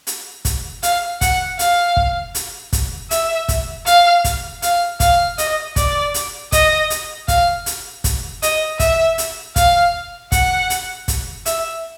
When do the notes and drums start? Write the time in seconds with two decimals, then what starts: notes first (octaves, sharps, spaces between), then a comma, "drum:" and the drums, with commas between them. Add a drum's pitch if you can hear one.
0.07 drum: hi-hat
0.45 drum: kick, hi-hat
0.83 F5, drum: hi-hat
1.21 F#5, drum: kick, hi-hat
1.59 F5, drum: hi-hat
1.97 drum: kick
2.35 drum: hi-hat
2.73 drum: kick, hi-hat
3.11 E5, drum: hi-hat
3.48 drum: kick, hi-hat
3.86 F5, drum: hi-hat
4.24 drum: kick, hi-hat
4.62 F5, drum: hi-hat
5.00 F5, drum: kick, hi-hat
5.38 D#5, drum: hi-hat
5.76 D5, drum: kick, hi-hat
6.14 drum: hi-hat
6.52 D#5, drum: kick, hi-hat
6.90 drum: hi-hat
7.28 F5, drum: kick, hi-hat
7.66 drum: hi-hat
8.04 drum: kick, hi-hat
8.42 D#5, drum: hi-hat
8.80 E5, drum: kick, hi-hat
9.18 drum: hi-hat
9.56 F5, drum: kick, hi-hat
10.32 F#5, drum: kick, hi-hat
10.70 drum: hi-hat
11.08 drum: kick, hi-hat
11.46 E5, drum: hi-hat